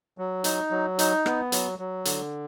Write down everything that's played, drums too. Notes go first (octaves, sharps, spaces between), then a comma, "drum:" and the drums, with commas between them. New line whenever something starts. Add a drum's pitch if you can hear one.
F#3
D#4, drum: hi-hat
F#3
D#4, drum: hi-hat
B3, drum: rim click
F#3, drum: hi-hat
F#3
D3, drum: hi-hat